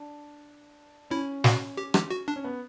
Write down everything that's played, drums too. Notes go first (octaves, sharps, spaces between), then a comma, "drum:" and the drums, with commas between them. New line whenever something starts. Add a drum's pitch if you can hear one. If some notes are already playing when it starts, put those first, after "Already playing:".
Already playing: D4
C#4 E4
F#4, drum: snare
G4
G4, drum: rim click
F#4
D4
C#4
B3